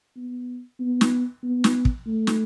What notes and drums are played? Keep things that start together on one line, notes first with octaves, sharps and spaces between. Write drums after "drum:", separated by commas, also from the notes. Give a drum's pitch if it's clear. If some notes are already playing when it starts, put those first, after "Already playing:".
B3
B3
drum: snare
B3
drum: snare
drum: kick
A3
drum: snare